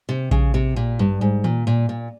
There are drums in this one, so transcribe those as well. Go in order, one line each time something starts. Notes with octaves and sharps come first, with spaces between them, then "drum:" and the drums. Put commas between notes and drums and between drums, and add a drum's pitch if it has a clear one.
C3
C#3, drum: kick A#1
C3
A#2
G2
G#2
A#2, drum: tom D#3
A#2
A#2